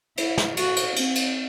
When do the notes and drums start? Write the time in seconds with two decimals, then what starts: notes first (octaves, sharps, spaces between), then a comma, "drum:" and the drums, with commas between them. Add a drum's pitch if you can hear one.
0.17 E4, drum: cymbal
0.38 drum: snare
0.57 F#4, drum: cymbal
0.76 drum: cymbal
0.96 C4, drum: cymbal
1.15 drum: cymbal